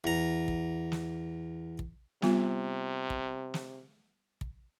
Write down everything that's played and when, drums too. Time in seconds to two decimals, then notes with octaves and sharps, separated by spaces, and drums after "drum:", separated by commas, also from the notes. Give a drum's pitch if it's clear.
0.04 E2 A#5
0.48 drum: kick
0.92 drum: snare
1.79 drum: kick
2.22 C3 G3 B3 F4, drum: snare
3.10 drum: kick
3.54 drum: snare
4.41 drum: kick